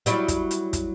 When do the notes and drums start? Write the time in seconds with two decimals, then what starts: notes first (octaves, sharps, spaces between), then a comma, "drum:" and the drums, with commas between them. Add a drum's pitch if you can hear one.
0.06 F#3 G3 E4, drum: hi-hat
0.28 drum: kick, hi-hat
0.51 drum: hi-hat
0.73 drum: kick, hi-hat